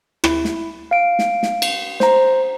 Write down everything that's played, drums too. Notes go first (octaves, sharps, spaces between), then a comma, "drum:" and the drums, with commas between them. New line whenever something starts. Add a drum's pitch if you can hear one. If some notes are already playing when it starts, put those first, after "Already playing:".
E4, drum: rim click
drum: snare
F5 D7
drum: snare
drum: snare
drum: cymbal
C5 A#5, drum: snare